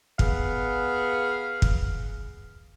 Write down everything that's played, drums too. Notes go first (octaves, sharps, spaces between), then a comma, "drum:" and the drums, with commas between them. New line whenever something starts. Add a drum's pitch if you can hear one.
B3 G#4 F5, drum: kick
drum: kick